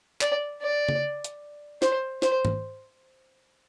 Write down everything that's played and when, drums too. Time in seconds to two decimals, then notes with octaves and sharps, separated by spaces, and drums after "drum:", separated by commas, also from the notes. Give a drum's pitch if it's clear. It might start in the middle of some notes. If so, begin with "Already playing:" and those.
0.21 D5, drum: clap
0.62 D5
0.89 drum: tom C#3
1.24 drum: hi-hat
1.82 C5, drum: snare
2.22 C5, drum: snare
2.45 drum: tom G#2